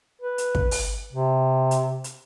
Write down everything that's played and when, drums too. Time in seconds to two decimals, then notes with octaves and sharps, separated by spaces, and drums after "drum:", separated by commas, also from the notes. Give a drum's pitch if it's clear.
0.21 B4
0.38 drum: hi-hat
0.55 drum: kick
0.71 drum: open hi-hat
1.13 C3
1.71 drum: hi-hat
2.04 drum: hi-hat